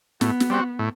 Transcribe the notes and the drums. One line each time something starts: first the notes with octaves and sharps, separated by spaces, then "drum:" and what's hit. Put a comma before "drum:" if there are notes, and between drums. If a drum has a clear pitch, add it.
A2 B3, drum: snare
drum: snare
G3 C4 F#4
A2